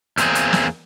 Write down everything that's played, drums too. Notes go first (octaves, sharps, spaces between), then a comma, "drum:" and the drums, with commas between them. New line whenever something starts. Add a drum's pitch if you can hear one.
E2 G3 A#3 C4 G#4, drum: hi-hat
drum: hi-hat
drum: snare